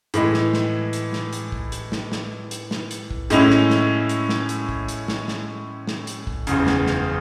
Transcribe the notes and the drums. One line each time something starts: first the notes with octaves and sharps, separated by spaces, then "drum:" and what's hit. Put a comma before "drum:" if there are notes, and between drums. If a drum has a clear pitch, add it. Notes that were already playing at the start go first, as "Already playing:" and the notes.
A2 E3 G#3, drum: hi-hat
drum: snare
drum: snare
drum: hi-hat
drum: snare
drum: hi-hat
drum: kick
drum: hi-hat
drum: snare
drum: snare
drum: hi-hat
drum: snare
drum: hi-hat
drum: kick
A2 G#3 C#4 E4, drum: hi-hat
drum: snare
drum: snare
drum: hi-hat
drum: snare
drum: hi-hat
drum: kick
drum: hi-hat
drum: snare
drum: snare
drum: snare
drum: hi-hat
drum: kick
F#1 E2 C#3, drum: hi-hat
drum: snare
drum: snare